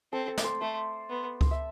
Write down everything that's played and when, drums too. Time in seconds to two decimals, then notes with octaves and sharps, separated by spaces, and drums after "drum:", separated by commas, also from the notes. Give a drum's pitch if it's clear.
0.13 C4 A4
0.28 A4
0.38 D5, drum: snare
0.44 C5
0.61 A3 C5
1.09 B3
1.41 drum: kick C#2
1.51 E5